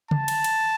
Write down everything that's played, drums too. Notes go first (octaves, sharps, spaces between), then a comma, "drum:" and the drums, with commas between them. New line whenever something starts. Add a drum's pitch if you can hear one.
A5, drum: tom
drum: cymbal
drum: cymbal